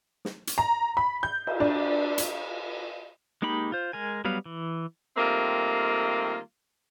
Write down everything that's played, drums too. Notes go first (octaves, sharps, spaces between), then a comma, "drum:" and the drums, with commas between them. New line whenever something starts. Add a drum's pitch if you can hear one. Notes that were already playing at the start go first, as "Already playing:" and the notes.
drum: snare
drum: hi-hat
A#5
B5
G6
drum: cymbal
D4
drum: hi-hat
G#3 A#3 D#4 G4 B5
F4 C5
G#3 A#4 G#5
F#3 G3 B3 F5
E3
D#3 G3 A3 A#3 C4 F4